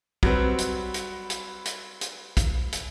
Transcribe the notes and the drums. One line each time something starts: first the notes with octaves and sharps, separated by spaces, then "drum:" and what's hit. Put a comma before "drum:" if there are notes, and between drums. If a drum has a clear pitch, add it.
F#3 G3 C4 B4, drum: kick
drum: hi-hat
drum: hi-hat
drum: hi-hat
drum: hi-hat
drum: hi-hat
drum: kick, hi-hat
drum: hi-hat